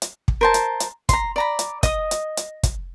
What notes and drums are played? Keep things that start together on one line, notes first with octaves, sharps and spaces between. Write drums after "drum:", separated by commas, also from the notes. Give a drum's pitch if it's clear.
drum: hi-hat
drum: kick
A#4 C5 A5
drum: hi-hat
drum: hi-hat
A#5 C6, drum: kick, hi-hat
D5 A#5 B5
drum: hi-hat
D#5 D#6, drum: kick, hi-hat
drum: hi-hat
drum: hi-hat
drum: kick, hi-hat